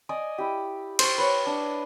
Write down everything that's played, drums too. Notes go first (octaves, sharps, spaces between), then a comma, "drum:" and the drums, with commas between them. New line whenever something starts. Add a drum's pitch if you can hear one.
D5 D#5 G#5
E4 G4
C5 C#6, drum: cymbal
B4 C#5
D4